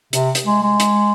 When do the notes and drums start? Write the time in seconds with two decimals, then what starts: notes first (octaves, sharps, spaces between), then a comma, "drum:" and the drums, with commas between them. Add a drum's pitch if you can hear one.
0.13 C3, drum: hi-hat
0.35 drum: hi-hat
0.46 G#3
0.63 G#3
0.80 drum: hi-hat